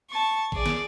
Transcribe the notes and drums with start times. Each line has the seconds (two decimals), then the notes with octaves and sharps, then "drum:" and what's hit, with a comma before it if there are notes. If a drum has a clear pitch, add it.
0.11 A5 C#6
0.52 G#4 D5, drum: kick
0.66 drum: snare